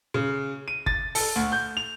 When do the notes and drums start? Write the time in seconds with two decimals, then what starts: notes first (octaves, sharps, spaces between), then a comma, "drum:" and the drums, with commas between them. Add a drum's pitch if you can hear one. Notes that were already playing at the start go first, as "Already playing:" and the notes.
0.14 C#3
0.68 D#7
0.86 A6, drum: kick G1
1.15 A4, drum: open hi-hat
1.36 D2
1.52 G6
1.77 F7